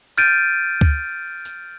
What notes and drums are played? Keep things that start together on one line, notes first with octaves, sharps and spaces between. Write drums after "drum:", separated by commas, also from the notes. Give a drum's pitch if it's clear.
F6 G6 A6 D7 D#7
drum: kick D2
drum: tambourine